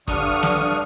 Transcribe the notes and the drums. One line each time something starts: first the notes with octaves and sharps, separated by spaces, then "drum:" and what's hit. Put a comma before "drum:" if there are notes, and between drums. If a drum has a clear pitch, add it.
G2 D3 D4 C#6 D#6 F6, drum: kick, hi-hat
drum: snare